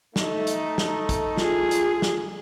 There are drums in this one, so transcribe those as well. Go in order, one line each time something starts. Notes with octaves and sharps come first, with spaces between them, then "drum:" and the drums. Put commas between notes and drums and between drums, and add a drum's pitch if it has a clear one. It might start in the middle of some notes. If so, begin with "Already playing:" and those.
A3 D#4, drum: snare
drum: hi-hat
drum: snare
drum: kick, hi-hat
F4 G#4, drum: snare
drum: hi-hat
drum: snare